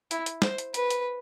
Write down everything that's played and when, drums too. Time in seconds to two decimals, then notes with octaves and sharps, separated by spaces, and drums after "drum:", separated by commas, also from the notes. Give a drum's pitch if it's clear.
0.11 E4, drum: hi-hat
0.26 drum: hi-hat
0.42 C5, drum: snare
0.58 drum: hi-hat
0.74 B4, drum: hi-hat
0.90 drum: hi-hat